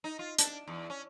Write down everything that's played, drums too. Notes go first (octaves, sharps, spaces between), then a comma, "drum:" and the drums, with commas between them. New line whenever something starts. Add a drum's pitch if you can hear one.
D#4
F4
D4, drum: hi-hat
E2
C#4